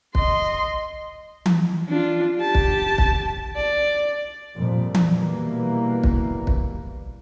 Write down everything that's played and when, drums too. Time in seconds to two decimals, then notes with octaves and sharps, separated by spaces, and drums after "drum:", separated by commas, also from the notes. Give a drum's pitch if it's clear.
0.15 D#5 C6, drum: kick
1.46 drum: tom E3
1.89 D4 F4
2.39 G4 A5
2.55 drum: kick
2.98 drum: kick
3.56 D5
4.56 F2 A#2 F3 G3
4.94 drum: tom E3
5.14 B2 E3 G3 A#3
6.04 drum: kick
6.47 drum: kick